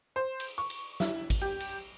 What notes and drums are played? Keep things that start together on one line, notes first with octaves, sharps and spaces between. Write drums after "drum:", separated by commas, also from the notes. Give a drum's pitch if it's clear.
C5
drum: cymbal
C#6
drum: cymbal
E4, drum: snare
drum: kick G#1, cymbal
G4
drum: cymbal